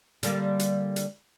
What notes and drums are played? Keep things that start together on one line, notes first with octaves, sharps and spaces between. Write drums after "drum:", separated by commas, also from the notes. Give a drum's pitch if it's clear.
D3 G3 A#3, drum: hi-hat
drum: hi-hat
drum: hi-hat